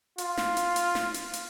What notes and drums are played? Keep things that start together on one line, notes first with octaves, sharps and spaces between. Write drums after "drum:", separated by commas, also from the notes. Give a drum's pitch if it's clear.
F4, drum: hi-hat
drum: snare
drum: hi-hat
drum: hi-hat
drum: snare
drum: hi-hat
drum: hi-hat